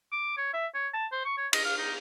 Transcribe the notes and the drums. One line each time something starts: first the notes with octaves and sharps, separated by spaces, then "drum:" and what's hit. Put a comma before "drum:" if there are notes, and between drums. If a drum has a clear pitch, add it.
D6
C#5
E5
C#5
A5
C5
C#6
C#5
D#5, drum: cymbal
F5
D#4